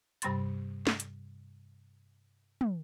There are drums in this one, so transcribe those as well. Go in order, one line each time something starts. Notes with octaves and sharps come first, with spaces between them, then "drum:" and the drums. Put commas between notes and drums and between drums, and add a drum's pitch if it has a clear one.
G2 C3 G3 B5 C6 A6, drum: hi-hat
drum: snare
drum: hi-hat
drum: tom